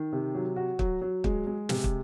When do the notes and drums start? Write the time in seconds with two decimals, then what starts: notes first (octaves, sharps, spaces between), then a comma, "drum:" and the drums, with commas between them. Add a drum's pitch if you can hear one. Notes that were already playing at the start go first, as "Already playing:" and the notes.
Already playing: D#3
0.13 C3
0.35 F#3
0.56 F#4
0.79 F#3, drum: kick
1.01 F#3
1.24 G#3, drum: kick
1.47 G#3
1.69 C3, drum: snare
1.84 drum: kick